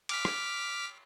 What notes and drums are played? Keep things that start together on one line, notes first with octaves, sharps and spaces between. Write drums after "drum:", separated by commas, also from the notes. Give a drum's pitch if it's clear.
D6 F6 B6, drum: cymbal
drum: rim click